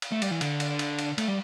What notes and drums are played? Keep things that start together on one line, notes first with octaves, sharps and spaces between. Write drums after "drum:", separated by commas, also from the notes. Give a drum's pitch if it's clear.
drum: cymbal
A3
G3, drum: cymbal
E3
D3, drum: cymbal
drum: cymbal
drum: cymbal
drum: cymbal
A3, drum: cymbal
G3